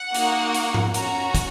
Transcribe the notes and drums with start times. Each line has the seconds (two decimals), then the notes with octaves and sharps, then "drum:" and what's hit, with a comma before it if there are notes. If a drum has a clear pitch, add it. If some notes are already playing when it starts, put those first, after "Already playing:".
Already playing: F#5
0.14 A#3 D#4 F#4, drum: hi-hat
0.54 drum: hi-hat
0.74 drum: tom G#2
0.94 C#4 F#4 A#5, drum: hi-hat
1.35 drum: kick, hi-hat